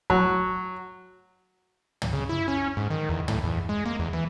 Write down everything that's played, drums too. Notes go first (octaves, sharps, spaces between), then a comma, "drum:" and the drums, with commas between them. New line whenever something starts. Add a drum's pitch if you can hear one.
F#3, drum: kick
drum: tom
C#3
E4
C#4
G#2
D#3
E2
A2, drum: tom
E2
G#3
A#3
E2
E3